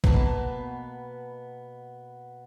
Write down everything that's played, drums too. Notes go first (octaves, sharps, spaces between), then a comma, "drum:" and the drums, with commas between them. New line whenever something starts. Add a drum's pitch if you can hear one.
B2 A#3 B3 B4 A5, drum: kick A#1